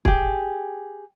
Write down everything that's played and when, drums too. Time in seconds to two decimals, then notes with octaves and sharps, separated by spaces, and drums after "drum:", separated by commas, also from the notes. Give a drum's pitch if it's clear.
0.05 G4 G#4, drum: kick